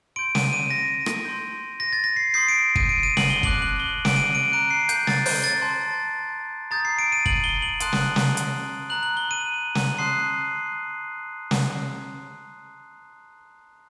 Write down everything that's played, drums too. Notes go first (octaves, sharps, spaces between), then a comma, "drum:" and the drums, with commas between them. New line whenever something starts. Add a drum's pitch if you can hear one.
C6 G6 D7
D#7, drum: snare
D#7
A#6
drum: rim click
C6 G6
A#6
A6
A#6
C7
C6 D#6 G6 C7
D7
D#7, drum: kick
D7
D#7
F#7, drum: snare
G7
A5 D6 F#6 F#7, drum: kick
F#7
G7
D7, drum: snare
D#7
D7
A#5 F#6 D7
C7
G6, drum: hi-hat
A6, drum: snare
G6, drum: open hi-hat
A6
A5 C6 G6
A#5 D#6 G6 A6
C7
D7
D#7
F#7, drum: kick
G7
F#7
A5 C6 D#6 F#6, drum: hi-hat
drum: snare
drum: snare
drum: hi-hat
A#5 F#6 F#7
F#7
G7
D#7
drum: snare
A5 C6 D#6 F#6 C7
drum: snare